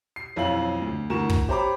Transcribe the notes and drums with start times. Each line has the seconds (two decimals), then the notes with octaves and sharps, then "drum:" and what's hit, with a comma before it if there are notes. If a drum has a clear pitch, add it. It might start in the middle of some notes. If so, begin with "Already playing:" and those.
0.16 C7
0.36 B1 F2 E4 C#5 F5 F#7
0.82 D2
1.10 D2 E3 F#4 A#4 C#6 E7
1.30 drum: kick
1.48 G4 C5 C#5 A#5 B5 D6